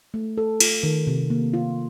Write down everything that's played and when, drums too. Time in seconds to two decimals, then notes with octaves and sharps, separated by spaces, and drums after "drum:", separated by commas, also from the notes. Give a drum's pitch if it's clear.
0.14 A3
0.38 A4
0.60 F4, drum: cymbal
0.83 D#3
1.07 C3
1.30 A#3
1.54 F4